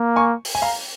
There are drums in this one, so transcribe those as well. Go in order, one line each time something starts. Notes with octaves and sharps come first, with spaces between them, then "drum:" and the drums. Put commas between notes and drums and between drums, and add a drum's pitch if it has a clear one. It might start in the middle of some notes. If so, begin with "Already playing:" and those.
Already playing: A#3
G#5 C#6
drum: open hi-hat
G#5
F5 A#5